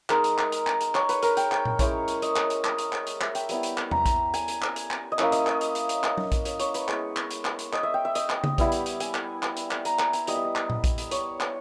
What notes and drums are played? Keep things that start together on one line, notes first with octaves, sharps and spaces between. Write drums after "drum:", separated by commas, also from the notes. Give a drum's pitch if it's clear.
G#3 D#4 A#4, drum: clap
drum: hi-hat
drum: clap
drum: hi-hat
drum: clap
drum: hi-hat
C#5, drum: clap
B4, drum: hi-hat
A#4, drum: hi-hat
G5, drum: hi-hat
G5, drum: clap
drum: tom A#2
G#3 C#4 E4 C#5, drum: kick A#1, hi-hat
drum: hi-hat
D#5, drum: hi-hat
drum: clap
drum: hi-hat
drum: clap
drum: hi-hat
drum: clap
drum: hi-hat
E5, drum: clap
G5, drum: hi-hat
G3 B3 E4, drum: hi-hat
drum: hi-hat
drum: clap
A#5, drum: tom E2
drum: kick A#1, hi-hat
G#5, drum: hi-hat
drum: hi-hat
drum: clap
drum: hi-hat
drum: clap
D#5
A#3 C#4 E4 E5, drum: clap
D#5, drum: hi-hat
D#5, drum: clap
drum: hi-hat
drum: hi-hat
drum: hi-hat
drum: clap
drum: tom F#3
drum: kick A#1, hi-hat
C#5, drum: hi-hat
C#5, drum: hi-hat
B4, drum: hi-hat
G#3 B3 E4, drum: clap
drum: clap
drum: hi-hat
drum: clap
drum: hi-hat
D#5, drum: clap
E5
G5
E5
D#5, drum: hi-hat
drum: clap
drum: tom C#3
G3 B3 E4, drum: kick A#1, hi-hat
drum: hi-hat
drum: hi-hat
G#5, drum: hi-hat
drum: clap
drum: clap
drum: hi-hat
drum: clap
A#5, drum: hi-hat
G#5, drum: clap
G#5, drum: hi-hat
G3 B3 E4 D#5, drum: hi-hat
E5
D#5
drum: clap
drum: tom A#2
drum: kick A#1, hi-hat
drum: hi-hat
C#5, drum: hi-hat
drum: clap